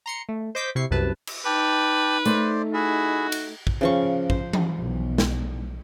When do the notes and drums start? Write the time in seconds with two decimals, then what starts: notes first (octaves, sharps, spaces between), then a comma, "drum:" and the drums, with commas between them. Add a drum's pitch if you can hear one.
0.06 A#5 C6 C#7
0.29 A3
0.55 C5 D#5 D6 G6 B6
0.75 C3 E4 C#6 C7
0.91 C2 F#2 C3 B4 A5
1.27 drum: cymbal
1.45 D#4 B4 G5 A5 D6
2.26 A3 C5 D5, drum: hi-hat
2.74 E4 F#4 G#4 E5
3.32 drum: cymbal
3.67 drum: kick
3.81 C#3 F3 C#6
4.30 C5, drum: kick
4.53 drum: tom E3
4.77 B1
5.18 drum: snare